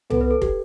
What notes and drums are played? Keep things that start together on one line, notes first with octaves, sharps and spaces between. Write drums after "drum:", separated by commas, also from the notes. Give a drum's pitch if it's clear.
B3 A4, drum: tom C2
B4
A4
G4, drum: kick